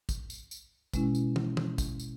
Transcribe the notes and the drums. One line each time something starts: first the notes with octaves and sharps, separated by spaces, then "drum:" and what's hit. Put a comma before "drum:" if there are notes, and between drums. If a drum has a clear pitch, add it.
drum: kick, tambourine
drum: tambourine
drum: tambourine
B2 G#3 C#4 E4, drum: kick, tambourine
drum: tambourine
drum: tom
drum: tom
drum: kick, tambourine
drum: tambourine